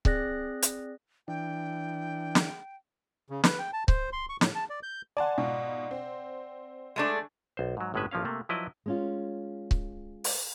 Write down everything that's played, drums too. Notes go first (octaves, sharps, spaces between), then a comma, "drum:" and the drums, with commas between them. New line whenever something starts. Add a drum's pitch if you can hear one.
C4 G#4 D5 F#6 A#6, drum: kick C#1
drum: hi-hat
E3 D4 G5
drum: snare
C#3
B4, drum: snare
G5
A5
C5, drum: kick C#1
C6
C#6
A2, drum: snare
A5
D5
G6
D5 F#5 G#5 A5 C6
G#2 B2 F4
C4
G#3 A3 D4
B1 C5
G#2 F#3
G1 A2 G#3 C#4 B4 E5
A1 F3 A#3 C#4 F5
C3 A3 A#3
F3 F#3 E4 B4 D5 D#5
G#3 C#4 F4
drum: kick C#1
drum: open hi-hat